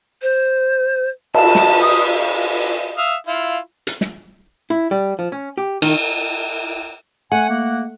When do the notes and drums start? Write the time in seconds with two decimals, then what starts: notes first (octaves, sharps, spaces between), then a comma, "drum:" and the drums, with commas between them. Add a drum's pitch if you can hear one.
0.22 C5
1.34 A5, drum: cymbal
1.55 drum: snare
1.82 D#6
2.98 E5 F5 D#6
3.27 E4 F4 F5
3.87 drum: hi-hat
4.01 drum: snare
4.70 E4
4.91 G3
5.19 F3
5.32 C#4
5.58 G4
5.82 D#3, drum: cymbal
7.32 A3 F#5 G#5
7.49 A#3